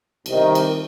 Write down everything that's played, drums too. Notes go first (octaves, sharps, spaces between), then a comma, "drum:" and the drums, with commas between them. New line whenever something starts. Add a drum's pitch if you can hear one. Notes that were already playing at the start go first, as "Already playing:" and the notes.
C2 C3 D#3, drum: cymbal
drum: cymbal